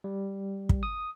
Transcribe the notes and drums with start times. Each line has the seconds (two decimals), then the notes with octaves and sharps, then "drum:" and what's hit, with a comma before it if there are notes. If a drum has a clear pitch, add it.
0.04 G3
0.69 drum: kick
0.83 D#6